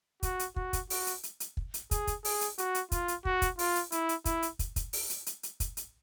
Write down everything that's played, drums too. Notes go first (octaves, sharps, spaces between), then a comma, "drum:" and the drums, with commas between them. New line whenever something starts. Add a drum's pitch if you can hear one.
F#4, drum: kick, hi-hat
drum: hi-hat
F#4, drum: kick
drum: kick, hi-hat
F#4, drum: open hi-hat
drum: hi-hat
drum: hi-hat
drum: hi-hat
drum: kick
drum: hi-hat
G#4, drum: kick, hi-hat
drum: kick, hi-hat
G#4, drum: open hi-hat
drum: hi-hat
F#4, drum: hi-hat
drum: hi-hat
F4, drum: kick, hi-hat
drum: hi-hat
F#4, drum: kick
drum: kick, hi-hat
F4, drum: open hi-hat
drum: hi-hat
E4, drum: hi-hat
drum: hi-hat
E4, drum: kick, hi-hat
drum: hi-hat
drum: kick, hi-hat
drum: kick, hi-hat
drum: open hi-hat
drum: hi-hat
drum: hi-hat
drum: hi-hat
drum: kick, hi-hat
drum: hi-hat